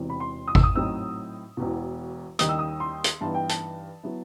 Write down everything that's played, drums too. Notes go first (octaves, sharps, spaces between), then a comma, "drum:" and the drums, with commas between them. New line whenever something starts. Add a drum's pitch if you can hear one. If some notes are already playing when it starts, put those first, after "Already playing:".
Already playing: E1 E2 C3
B5
C6
D#6
E6, drum: kick G#1
D#6
A2 F#3 C4 D#4 E6
E1 E2 B2
D#2 D#3 G3 D#4 D#6, drum: hi-hat
E6
D#6
C6
drum: hi-hat
G2 E3 B3 D#4 A5
G5
A5, drum: hi-hat
F#3 B3 E4